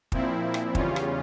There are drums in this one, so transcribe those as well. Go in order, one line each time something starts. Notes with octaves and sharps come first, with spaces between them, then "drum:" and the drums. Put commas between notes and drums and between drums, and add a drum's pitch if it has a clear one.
A#2 F3 C4 E4, drum: kick
drum: rim click
E2 C#3 G3 C#4 F4, drum: kick
drum: rim click